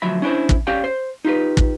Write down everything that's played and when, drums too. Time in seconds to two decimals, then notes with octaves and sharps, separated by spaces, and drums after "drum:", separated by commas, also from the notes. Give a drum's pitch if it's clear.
0.02 D2 F3 F#3 E5 B5
0.22 C#4 D4 E4 C5
0.49 drum: kick
0.67 C#4 G4 C#5 D5 F5 G5
0.84 C5
1.25 D#4 F4 G4 B4
1.57 drum: kick